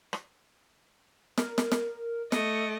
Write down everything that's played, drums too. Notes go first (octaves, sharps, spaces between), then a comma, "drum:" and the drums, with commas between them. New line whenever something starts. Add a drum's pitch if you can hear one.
drum: rim click
A#4, drum: snare
drum: snare
drum: snare
A3 D#5 C#7, drum: snare